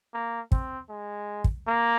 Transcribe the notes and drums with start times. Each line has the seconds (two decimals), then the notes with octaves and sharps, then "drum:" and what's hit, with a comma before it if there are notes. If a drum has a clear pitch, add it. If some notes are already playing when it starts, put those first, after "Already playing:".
0.13 A#3
0.52 C4, drum: kick
0.89 G#3
1.44 drum: kick
1.67 A#3